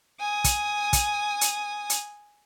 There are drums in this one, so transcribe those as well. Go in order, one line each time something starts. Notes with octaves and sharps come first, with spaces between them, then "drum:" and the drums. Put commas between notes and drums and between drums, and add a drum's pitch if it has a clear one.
G#5 D#6
drum: kick, hi-hat
drum: kick, hi-hat
drum: hi-hat
drum: hi-hat